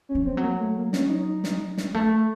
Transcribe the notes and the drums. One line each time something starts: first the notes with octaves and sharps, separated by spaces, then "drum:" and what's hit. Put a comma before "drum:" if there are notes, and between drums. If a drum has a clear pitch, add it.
C#4
F3
C4
F#3
A#3
A3
A#3
C#4, drum: snare
C#4
D#4
drum: snare
drum: snare
A3